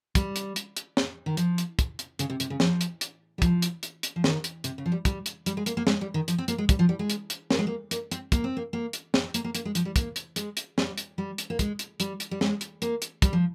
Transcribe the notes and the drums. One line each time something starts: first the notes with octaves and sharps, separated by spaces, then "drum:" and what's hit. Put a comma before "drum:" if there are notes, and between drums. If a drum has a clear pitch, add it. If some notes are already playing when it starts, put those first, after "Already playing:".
G3, drum: kick, hi-hat
drum: hi-hat
drum: hi-hat
drum: hi-hat
drum: snare
D#3
F3, drum: hi-hat
drum: hi-hat
drum: kick, hi-hat
drum: hi-hat
C#3, drum: hi-hat
C3
C3, drum: hi-hat
C#3
F3, drum: snare
drum: hi-hat
drum: hi-hat
G3
F3, drum: kick, hi-hat
drum: hi-hat
drum: hi-hat
drum: hi-hat
F3
D#3, drum: snare
drum: hi-hat
C3, drum: hi-hat
C#3
F3
G3
G3, drum: kick, hi-hat
drum: hi-hat
G3, drum: hi-hat
G#3
A#3, drum: hi-hat
A#3
G#3, drum: snare
G3
D#3
F3, drum: hi-hat
C4
A#3, drum: hi-hat
G#3
G3, drum: kick, hi-hat
F3
G3
G#3
drum: hi-hat
drum: hi-hat
A#3, drum: snare
G#3
A#3
A#3, drum: hi-hat
C4, drum: hi-hat
A#3, drum: kick, hi-hat
C4
A#3
A#3
drum: hi-hat
C4, drum: snare
C4
A#3, drum: hi-hat
A#3
A#3, drum: hi-hat
G#3
F3, drum: hi-hat
G3
A#3, drum: kick, hi-hat
drum: hi-hat
G#3, drum: hi-hat
drum: hi-hat
G3, drum: snare
drum: hi-hat
G3
drum: hi-hat
A#3
G#3, drum: kick, hi-hat
drum: hi-hat
G3, drum: hi-hat
drum: hi-hat
G3
G#3, drum: snare
drum: hi-hat
A#3, drum: hi-hat
drum: hi-hat
G3, drum: kick, hi-hat
F3